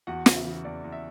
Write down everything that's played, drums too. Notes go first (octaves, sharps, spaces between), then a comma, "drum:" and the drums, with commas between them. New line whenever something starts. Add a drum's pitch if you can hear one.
E2 F#4 F#5
C#3, drum: snare
E5
E3
E2 D5
E2
E5